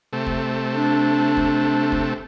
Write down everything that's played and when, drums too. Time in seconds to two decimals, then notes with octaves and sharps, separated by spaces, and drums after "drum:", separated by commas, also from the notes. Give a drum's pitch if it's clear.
0.13 C3 A3
0.26 drum: kick
0.74 D4
1.37 drum: kick
1.92 drum: kick